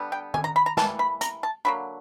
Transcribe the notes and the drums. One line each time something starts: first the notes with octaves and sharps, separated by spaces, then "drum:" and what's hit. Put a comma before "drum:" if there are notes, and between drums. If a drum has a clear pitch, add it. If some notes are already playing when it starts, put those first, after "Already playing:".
Already playing: D3 G3 B3
G5
G#5, drum: tom
A#5
B5
A#5
E3 G3 A#3 A5, drum: snare
B5
A#5, drum: hi-hat
A5
D3 F#3 A#3 B5